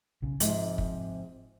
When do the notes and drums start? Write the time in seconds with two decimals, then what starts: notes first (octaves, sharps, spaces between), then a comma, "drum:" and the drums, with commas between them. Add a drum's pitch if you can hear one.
0.22 B1 C#3
0.40 G#2 C3 F3, drum: hi-hat
0.78 drum: kick